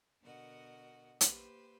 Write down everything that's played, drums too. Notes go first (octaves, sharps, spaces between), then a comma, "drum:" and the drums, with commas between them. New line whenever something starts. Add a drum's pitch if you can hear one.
B2 D3 F#4 A#4 D#5 F#5
A#3 G4 B4 C5, drum: hi-hat